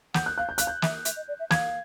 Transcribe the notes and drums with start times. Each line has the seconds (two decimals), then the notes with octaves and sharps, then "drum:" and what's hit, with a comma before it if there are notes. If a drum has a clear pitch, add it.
0.14 F#5 G6, drum: snare
0.26 F#6
0.38 F5 F#6
0.49 G6
0.58 F5 F#6, drum: hi-hat
0.67 G6
0.82 E5, drum: snare
1.05 E5, drum: hi-hat
1.16 D#5
1.28 D5
1.40 E5
1.51 F5 G#6, drum: snare